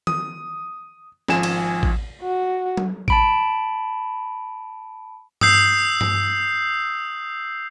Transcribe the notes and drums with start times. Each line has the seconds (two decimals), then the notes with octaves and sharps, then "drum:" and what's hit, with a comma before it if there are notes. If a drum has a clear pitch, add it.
0.07 D#6, drum: tom
1.28 G#1 F3 G#5 E7, drum: snare
1.43 drum: cymbal
1.83 drum: kick A1
2.22 F#4
2.77 drum: tom F#3
3.08 A5 B5 D7, drum: kick A1
5.41 D#6 E6 G6 C7, drum: tom G2
6.01 drum: tom G2